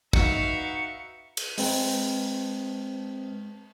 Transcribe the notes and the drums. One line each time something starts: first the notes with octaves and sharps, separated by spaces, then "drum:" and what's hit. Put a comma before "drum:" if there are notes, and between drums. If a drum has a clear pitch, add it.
D#4 F#4 B4 E5 F5 C#7, drum: kick
drum: cymbal
G#3 C4 B4, drum: open hi-hat